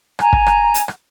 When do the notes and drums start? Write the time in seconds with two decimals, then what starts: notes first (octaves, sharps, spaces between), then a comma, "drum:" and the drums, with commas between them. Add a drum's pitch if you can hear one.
0.19 G#5 A#5, drum: rim click
0.33 drum: kick
0.46 drum: rim click
0.74 drum: hi-hat
0.88 drum: rim click